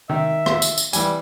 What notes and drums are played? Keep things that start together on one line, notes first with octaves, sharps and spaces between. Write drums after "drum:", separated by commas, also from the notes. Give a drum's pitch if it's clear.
D#3 E5
drum: rim click
drum: tambourine
drum: tambourine
E3 G3 G#5, drum: tambourine